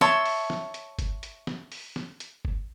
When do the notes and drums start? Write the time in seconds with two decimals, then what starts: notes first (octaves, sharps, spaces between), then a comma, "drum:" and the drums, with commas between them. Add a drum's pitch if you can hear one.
0.01 C#5 E5 A5 C6, drum: snare
0.25 drum: open hi-hat
0.50 drum: snare
0.74 drum: hi-hat
0.99 drum: kick G1, hi-hat
1.23 drum: hi-hat
1.47 drum: snare
1.72 drum: open hi-hat
1.96 drum: snare
2.20 drum: hi-hat
2.45 drum: kick G1